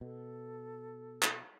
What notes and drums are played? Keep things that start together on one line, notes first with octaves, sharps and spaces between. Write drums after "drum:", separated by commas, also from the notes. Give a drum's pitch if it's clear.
B2 A4
drum: clap